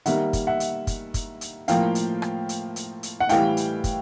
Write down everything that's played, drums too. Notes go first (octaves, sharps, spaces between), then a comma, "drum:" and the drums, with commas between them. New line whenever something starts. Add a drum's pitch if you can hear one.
D#3 G3 A#3 E5 F#5, drum: hi-hat
drum: kick, hi-hat
E5 F#5
drum: hi-hat
drum: kick, hi-hat
drum: kick, hi-hat
drum: hi-hat
A2 F3 A#3 F5 G5, drum: hi-hat
drum: hi-hat
drum: rim click
drum: hi-hat
drum: hi-hat
drum: hi-hat
F#5
A2 E3 G3 F5 G5, drum: hi-hat
drum: hi-hat
drum: kick, hi-hat